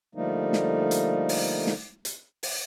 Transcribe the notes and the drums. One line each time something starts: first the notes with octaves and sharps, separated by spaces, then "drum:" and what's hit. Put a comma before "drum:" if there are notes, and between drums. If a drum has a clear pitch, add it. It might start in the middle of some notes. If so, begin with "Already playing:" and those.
D3 F3 G3 A3 A#3 D#4
drum: snare
drum: hi-hat
drum: open hi-hat
drum: snare
drum: hi-hat
drum: open hi-hat